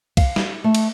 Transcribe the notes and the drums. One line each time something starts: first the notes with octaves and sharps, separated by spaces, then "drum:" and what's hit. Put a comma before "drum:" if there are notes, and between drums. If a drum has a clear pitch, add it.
F5, drum: kick C2, cymbal
drum: snare
A3
drum: cymbal